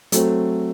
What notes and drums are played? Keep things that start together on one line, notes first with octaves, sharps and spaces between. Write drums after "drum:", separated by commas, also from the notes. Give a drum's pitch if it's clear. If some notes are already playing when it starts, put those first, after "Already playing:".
F#3 A3 C4, drum: hi-hat